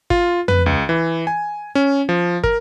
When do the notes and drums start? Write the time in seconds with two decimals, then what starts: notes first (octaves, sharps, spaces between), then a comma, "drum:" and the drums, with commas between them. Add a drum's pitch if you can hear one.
0.10 F4, drum: kick
0.48 B4, drum: tom
0.66 C#2
0.89 E3
1.27 G#5
1.75 C#4
2.09 F3
2.44 A#4, drum: kick